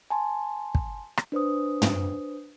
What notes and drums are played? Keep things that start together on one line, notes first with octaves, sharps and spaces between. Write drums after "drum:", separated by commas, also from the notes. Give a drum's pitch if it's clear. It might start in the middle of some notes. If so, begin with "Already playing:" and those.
G#5 A5 C6
drum: kick
drum: rim click
D4 B4 C5 D#6
drum: tom